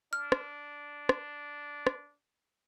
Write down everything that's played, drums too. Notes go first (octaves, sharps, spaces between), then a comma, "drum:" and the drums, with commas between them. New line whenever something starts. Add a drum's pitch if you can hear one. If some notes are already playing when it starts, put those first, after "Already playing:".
D4 F6
drum: rim click
drum: rim click
drum: rim click